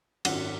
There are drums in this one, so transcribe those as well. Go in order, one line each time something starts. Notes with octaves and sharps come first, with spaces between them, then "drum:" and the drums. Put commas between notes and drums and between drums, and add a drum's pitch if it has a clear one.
G#1 F#2 F#3 F#5, drum: cymbal